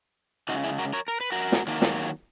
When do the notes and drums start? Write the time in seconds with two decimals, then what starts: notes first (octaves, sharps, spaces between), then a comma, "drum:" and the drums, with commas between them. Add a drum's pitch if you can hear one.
0.49 C#3 G#3 D#4 F#4
0.64 E4 G#4
0.78 F#4 A#4
0.93 A#4 C#5
1.08 A#4
1.21 B4
1.32 F#4 A#4
1.52 drum: snare
1.67 D#3 F#3 A#3
1.82 drum: snare